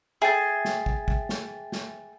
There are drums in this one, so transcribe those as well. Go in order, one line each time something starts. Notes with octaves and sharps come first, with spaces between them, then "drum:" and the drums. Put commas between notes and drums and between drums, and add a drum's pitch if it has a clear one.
G#4 E5 G5 A6
drum: snare
drum: kick
drum: kick
drum: snare
drum: snare